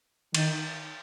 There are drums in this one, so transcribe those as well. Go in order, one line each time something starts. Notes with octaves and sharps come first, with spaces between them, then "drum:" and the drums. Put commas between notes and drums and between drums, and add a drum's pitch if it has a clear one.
D#3, drum: cymbal